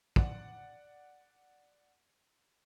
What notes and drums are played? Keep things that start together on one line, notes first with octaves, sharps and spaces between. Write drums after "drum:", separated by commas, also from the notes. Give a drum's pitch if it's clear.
D5 F#5, drum: kick